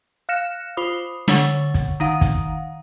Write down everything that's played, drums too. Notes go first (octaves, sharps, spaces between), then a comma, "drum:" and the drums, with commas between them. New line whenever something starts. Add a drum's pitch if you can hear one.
F5 F6 F#6 A#6 C#7 E7
F4 C5 B5 D6 D#6
D3 A3 C#5 F#5 C#6, drum: snare
drum: kick, hi-hat
D#3 D#4 F5 F#5 A#5 D#6
drum: kick, hi-hat